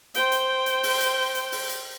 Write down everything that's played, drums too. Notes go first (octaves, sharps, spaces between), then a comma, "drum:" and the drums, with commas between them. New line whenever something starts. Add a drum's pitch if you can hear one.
C5 G5, drum: hi-hat
drum: hi-hat
drum: hi-hat
drum: open hi-hat
drum: hi-hat
drum: hi-hat
drum: open hi-hat
drum: hi-hat